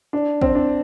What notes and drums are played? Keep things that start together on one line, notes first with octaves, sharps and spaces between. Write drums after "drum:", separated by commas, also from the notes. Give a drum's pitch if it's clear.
D4
C4, drum: kick
D4